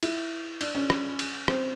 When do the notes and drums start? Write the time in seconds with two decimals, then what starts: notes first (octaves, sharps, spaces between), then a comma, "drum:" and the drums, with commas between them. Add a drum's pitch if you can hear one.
0.03 E4, drum: cymbal
0.61 D4, drum: cymbal
0.75 C#4
0.90 drum: rim click
1.19 drum: cymbal
1.48 C4, drum: rim click